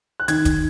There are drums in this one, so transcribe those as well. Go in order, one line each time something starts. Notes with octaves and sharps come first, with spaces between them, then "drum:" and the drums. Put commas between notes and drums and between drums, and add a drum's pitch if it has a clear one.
F#6
D#3 G#6, drum: hi-hat
drum: kick, hi-hat